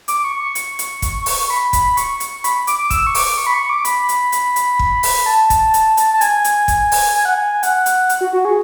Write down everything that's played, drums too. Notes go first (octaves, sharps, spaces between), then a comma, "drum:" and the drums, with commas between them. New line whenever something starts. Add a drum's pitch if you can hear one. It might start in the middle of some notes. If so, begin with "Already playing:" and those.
D6, drum: hi-hat
C#6
C#6
drum: hi-hat
drum: hi-hat
drum: kick, hi-hat
drum: open hi-hat
B5
drum: kick, hi-hat
C#6, drum: hi-hat
drum: hi-hat
B5, drum: hi-hat
D6, drum: hi-hat
D6
E6, drum: kick, hi-hat
C#6
D6, drum: open hi-hat
C#6
B5
C#6
D6
B5, drum: hi-hat
drum: hi-hat
drum: hi-hat
drum: hi-hat
drum: kick
drum: open hi-hat
A5
drum: kick, hi-hat
drum: hi-hat
drum: hi-hat
A5
G#5, drum: hi-hat
drum: hi-hat
drum: kick, hi-hat
drum: open hi-hat
G#5
F#5
G#5
F#5, drum: hi-hat
drum: hi-hat
drum: hi-hat
F#4
F#4
G#4